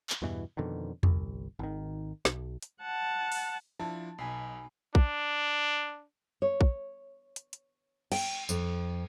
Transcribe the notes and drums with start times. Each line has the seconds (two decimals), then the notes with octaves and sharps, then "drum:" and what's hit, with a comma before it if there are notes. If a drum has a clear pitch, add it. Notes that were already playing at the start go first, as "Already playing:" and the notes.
0.10 drum: clap
0.22 E2 G2 B2 E3
0.57 F2 B2 D3 D#3
1.03 G1 C2, drum: tom E2
1.59 G#1 D#3
2.25 B1, drum: snare
2.62 drum: hi-hat
2.81 F#5 A5
3.32 drum: open hi-hat
3.79 F3 D4 E4 A5
4.18 B1 B2 D#4 G#5 B5 C7
4.95 D4, drum: kick A#1
6.42 C#5
6.61 drum: kick A#1
7.36 drum: hi-hat
7.53 drum: hi-hat
8.12 G5, drum: cymbal
8.49 F2, drum: tambourine